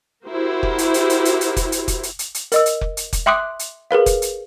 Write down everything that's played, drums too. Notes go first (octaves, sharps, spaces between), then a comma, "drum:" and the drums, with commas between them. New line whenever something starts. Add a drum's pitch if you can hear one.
E4 F#4 G4 A#4 C5
drum: kick F1
drum: hi-hat
drum: hi-hat
drum: hi-hat
drum: hi-hat
drum: hi-hat
drum: kick F1, hi-hat
drum: hi-hat
drum: kick F1, hi-hat
drum: hi-hat
drum: hi-hat
drum: hi-hat
A#4 D#5 E6, drum: hi-hat
drum: hi-hat
drum: kick F1
drum: hi-hat
drum: kick F1, hi-hat
E5 G5 C6 D6 D#6 F#6
drum: hi-hat
G#4 A#4 B4 F5
drum: kick F1, hi-hat
drum: hi-hat